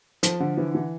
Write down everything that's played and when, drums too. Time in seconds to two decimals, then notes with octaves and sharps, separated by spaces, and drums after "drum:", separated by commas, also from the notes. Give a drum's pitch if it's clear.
0.23 F3, drum: hi-hat
0.40 D3
0.57 E3
0.75 E3